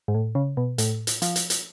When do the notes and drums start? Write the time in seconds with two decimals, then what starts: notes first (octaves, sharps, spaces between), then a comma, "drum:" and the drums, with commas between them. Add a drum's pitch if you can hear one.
0.08 G#2
0.15 A2
0.35 C#3
0.57 B2
0.78 A2, drum: hi-hat
1.07 drum: hi-hat
1.22 F3, drum: hi-hat
1.36 drum: hi-hat
1.50 drum: hi-hat